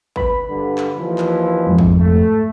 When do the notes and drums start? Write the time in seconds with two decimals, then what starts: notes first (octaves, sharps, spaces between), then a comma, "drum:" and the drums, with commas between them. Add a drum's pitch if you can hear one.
0.16 B4 B5, drum: kick G#1
0.48 G2 D3
0.78 drum: clap
0.95 D#2 E3 F3
1.18 drum: clap
1.67 F2 G#2
1.78 drum: kick G#1
1.99 A3